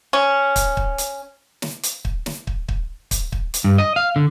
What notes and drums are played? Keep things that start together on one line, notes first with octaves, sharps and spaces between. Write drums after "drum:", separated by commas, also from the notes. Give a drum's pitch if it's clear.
C#4
drum: kick, hi-hat
drum: kick
drum: hi-hat
drum: snare
drum: hi-hat
drum: kick
drum: snare
drum: kick
drum: kick
drum: kick, hi-hat
drum: kick
drum: hi-hat
G2
D#5
F5
D3